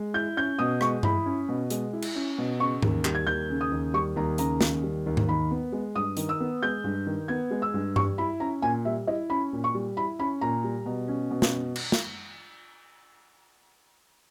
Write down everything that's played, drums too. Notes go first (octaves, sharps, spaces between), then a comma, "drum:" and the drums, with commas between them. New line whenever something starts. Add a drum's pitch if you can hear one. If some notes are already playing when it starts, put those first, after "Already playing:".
Already playing: G#3
E4 G6
C#4 G6
B2 D#6
G#3 C#6, drum: rim click
E4 B5, drum: tom G2
C#4
B2
G#3, drum: hi-hat
E4
drum: cymbal
C#4
B2
C#3 C#6
D#2, drum: tom G#2
G3, drum: clap
G#6
D#2 G6
C#3
D#6
D#2
G3 C#6
D#2 A#5
C#3 A#5, drum: hi-hat
D#2, drum: snare
G3
D#2
drum: tom G#2
D#3 B5
B3
G#3
G2 D#6
D#3, drum: hi-hat
E6
B3
G#3 G6
G2
D#3
B3 G#6
G#3
E6
G2
G3 C#6, drum: tom G2
E4 B5
C#4 A#5
A#2 G#5
G3 E5
E4 D#5
C#4 B5
A#2
C#6
G3
E4 B5
C#4 B5
A#2 A#5
G3
B2
C#4
B2
drum: snare
drum: cymbal
drum: snare